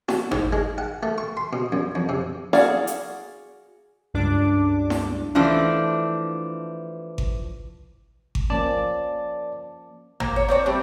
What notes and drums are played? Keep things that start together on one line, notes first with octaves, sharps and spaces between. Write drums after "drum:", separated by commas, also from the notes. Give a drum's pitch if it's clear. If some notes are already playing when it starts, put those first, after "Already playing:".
F#4, drum: snare E4
G#2, drum: tom
G#3
F#5
A3
C#6
C6
B2
F#2
F2
C3
F#4 G#4 D5 F5, drum: snare E4
drum: hi-hat
C#2 G2 D4 D6
drum: snare E4
E3 F3 A3 D4
drum: kick G#1
drum: kick G#1
F3 A#3 C#4 D5 A5
A#3, drum: tom
C#5
C4 D4 C#5
G3 A3 C4 D4